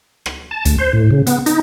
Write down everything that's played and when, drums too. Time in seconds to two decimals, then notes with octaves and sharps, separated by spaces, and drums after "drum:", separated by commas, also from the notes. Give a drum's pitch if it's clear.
0.26 drum: rim click
0.51 A5
0.65 D2, drum: hi-hat
0.79 C5
0.93 A2
1.11 C#3
1.27 B3, drum: hi-hat
1.46 D#4, drum: hi-hat